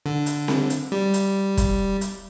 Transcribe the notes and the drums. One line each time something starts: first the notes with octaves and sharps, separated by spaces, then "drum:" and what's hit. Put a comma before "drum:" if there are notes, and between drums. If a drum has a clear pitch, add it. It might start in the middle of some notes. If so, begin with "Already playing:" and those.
D3
drum: hi-hat
drum: snare C4
drum: hi-hat
G3
drum: hi-hat
drum: kick, hi-hat
drum: hi-hat